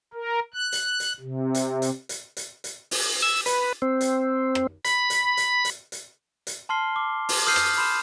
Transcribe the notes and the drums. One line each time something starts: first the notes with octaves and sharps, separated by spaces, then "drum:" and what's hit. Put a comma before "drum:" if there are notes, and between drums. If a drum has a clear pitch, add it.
A#4
F#6
drum: hi-hat
drum: hi-hat
C3
drum: hi-hat
drum: hi-hat
drum: hi-hat
drum: hi-hat
drum: hi-hat
drum: open hi-hat
E6
B4, drum: hi-hat
C4
drum: hi-hat
drum: rim click
B5, drum: hi-hat
drum: hi-hat
drum: hi-hat
drum: hi-hat
drum: hi-hat
drum: hi-hat
A5 C6 F6 C7 G7
D6
drum: open hi-hat
D#6 F6 G6 C7 D#7
drum: rim click
B5 C6 G6 E7